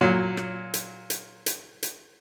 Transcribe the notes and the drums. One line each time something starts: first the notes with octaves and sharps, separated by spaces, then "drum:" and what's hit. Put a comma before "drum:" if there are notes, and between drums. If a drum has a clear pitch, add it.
A#2 F#3
drum: rim click
drum: hi-hat
drum: hi-hat
drum: hi-hat
drum: hi-hat